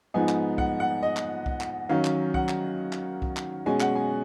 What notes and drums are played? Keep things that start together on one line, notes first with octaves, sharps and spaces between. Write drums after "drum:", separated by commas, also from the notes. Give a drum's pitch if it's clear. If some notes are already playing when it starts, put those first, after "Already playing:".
G#2 F3 B3 D#4 G#5
drum: clap
F#5, drum: kick C2
F#5
D#5
drum: clap
drum: kick C2
drum: clap
D#3 F#3 C#4 F5
drum: clap
F#5, drum: kick C2
drum: clap
drum: clap
drum: kick C2
drum: clap
B2 G#3 C#4 G#5
F#5, drum: clap
G#5